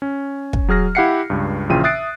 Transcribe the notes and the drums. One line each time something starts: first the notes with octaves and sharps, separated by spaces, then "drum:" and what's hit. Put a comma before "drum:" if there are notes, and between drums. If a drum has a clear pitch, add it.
C#4
drum: kick
F#3 G#4 F6 A#6
E4 G4 F5 F#5 C7 C#7
C#2 G2
A#1 C#3 E3 F4 G5 D#7
E5 D#6 F#6 A6 C7 D7